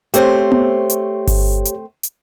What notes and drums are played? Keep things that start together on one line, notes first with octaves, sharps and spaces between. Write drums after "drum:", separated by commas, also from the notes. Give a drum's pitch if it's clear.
A3 C4 G4 C5 C#5, drum: hi-hat
drum: tom B3
drum: hi-hat
drum: kick G1, open hi-hat
drum: hi-hat
drum: hi-hat